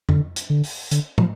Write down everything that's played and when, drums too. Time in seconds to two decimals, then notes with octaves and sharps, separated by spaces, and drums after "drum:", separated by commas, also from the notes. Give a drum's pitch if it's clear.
0.09 D3, drum: tom F2
0.36 drum: hi-hat
0.50 D3
0.64 drum: open hi-hat
0.91 D3, drum: hi-hat
1.18 F3, drum: tom